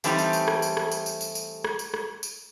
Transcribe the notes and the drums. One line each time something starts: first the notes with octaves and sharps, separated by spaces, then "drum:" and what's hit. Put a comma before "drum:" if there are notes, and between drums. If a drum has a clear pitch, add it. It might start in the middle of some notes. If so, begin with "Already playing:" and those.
E3 G3 A3 C4 D#4 G4, drum: tambourine
drum: tambourine
drum: tambourine
drum: rim click
drum: tambourine
drum: rim click
drum: tambourine
drum: tambourine
drum: tambourine
drum: tambourine
drum: rim click
drum: tambourine
drum: rim click
drum: tambourine